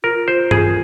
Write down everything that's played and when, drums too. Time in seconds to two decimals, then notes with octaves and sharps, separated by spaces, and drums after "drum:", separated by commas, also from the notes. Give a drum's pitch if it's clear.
0.04 F4 A#4
0.28 C5
0.51 G#4, drum: tom G2